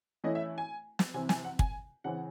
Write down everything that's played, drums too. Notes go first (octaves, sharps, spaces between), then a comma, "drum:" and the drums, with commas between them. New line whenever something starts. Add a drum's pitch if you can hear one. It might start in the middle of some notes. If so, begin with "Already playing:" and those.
E3 A3 C#4 E4 D#5
E5
G#5
drum: snare
C3 E3 C4 E4 G#5
G#5, drum: snare
F#5
G#5, drum: kick
C#3 E3 C4 F#5